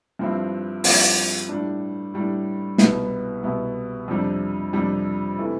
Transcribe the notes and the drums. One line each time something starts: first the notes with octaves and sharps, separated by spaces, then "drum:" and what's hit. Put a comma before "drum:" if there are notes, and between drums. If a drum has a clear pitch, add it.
G2 F3 C4 E4
G2 F3 C4 E4, drum: open hi-hat
A2 G3 D4
A2 G3 D4
C2 B2 B3 E4, drum: snare
C2 B2 B3 E4
F2 C3 G3 D4
F2 C3 G3 D4
C3 E3 A3 E4